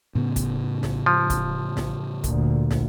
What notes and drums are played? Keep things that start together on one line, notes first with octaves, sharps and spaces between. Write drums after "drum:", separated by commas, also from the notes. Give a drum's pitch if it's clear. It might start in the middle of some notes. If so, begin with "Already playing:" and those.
A2 C#3 B3
drum: kick, hi-hat
drum: snare
F3
drum: kick, hi-hat
drum: snare
D2 A#2, drum: kick, hi-hat
drum: snare